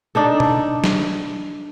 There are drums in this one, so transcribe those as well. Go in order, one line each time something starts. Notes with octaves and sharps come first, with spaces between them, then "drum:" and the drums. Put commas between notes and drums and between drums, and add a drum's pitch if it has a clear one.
D4 D#4 A4
drum: tom
drum: snare